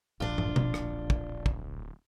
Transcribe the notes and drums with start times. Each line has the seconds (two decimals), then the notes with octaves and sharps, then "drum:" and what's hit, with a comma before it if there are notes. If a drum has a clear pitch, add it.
0.20 D1 A#1 D4 F4
0.38 drum: tom
0.56 drum: tom B2
0.74 drum: rim click
1.10 drum: kick
1.46 drum: kick